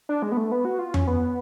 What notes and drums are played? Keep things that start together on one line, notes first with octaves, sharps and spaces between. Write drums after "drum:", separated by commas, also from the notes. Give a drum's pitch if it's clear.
D4
G#3
B3
A3
B3
F#4
F4
C#4, drum: tom F2
B3